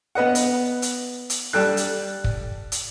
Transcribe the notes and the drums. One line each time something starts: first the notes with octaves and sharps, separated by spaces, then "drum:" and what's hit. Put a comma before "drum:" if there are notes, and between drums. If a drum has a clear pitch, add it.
B3 B4 D#5 F#5
drum: hi-hat
drum: hi-hat
drum: hi-hat
G3 A4 G5 F#6
drum: hi-hat
drum: kick
drum: hi-hat